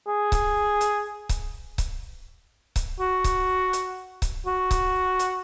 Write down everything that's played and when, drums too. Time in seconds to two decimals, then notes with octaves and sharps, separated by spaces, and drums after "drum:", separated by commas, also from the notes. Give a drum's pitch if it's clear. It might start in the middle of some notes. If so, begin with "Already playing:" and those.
0.07 G#4
0.32 drum: kick C#1, hi-hat
0.81 drum: hi-hat
1.29 drum: kick C#1, hi-hat
1.78 drum: kick C#1, hi-hat
2.76 drum: kick C#1, hi-hat
3.00 F#4
3.24 drum: kick C#1, hi-hat
3.73 drum: hi-hat
4.22 drum: kick C#1, hi-hat
4.46 F#4
4.71 drum: kick C#1, hi-hat
5.19 drum: hi-hat